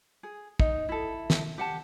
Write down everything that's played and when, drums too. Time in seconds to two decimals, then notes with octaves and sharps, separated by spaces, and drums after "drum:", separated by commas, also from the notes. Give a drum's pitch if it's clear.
0.23 G#4
0.60 D#4, drum: kick
0.89 E4 A4
1.30 drum: snare
1.58 G4 F#5 A5